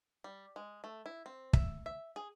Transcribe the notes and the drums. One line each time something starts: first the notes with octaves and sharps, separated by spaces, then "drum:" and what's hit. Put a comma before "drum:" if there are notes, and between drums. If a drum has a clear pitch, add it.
G3
G#3
A3
E4
C4
E5, drum: kick
E5
G#4